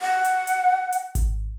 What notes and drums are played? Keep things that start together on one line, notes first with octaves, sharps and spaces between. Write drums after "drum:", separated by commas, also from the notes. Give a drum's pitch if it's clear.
F#5
drum: hi-hat
drum: hi-hat
drum: hi-hat
drum: kick G#1, hi-hat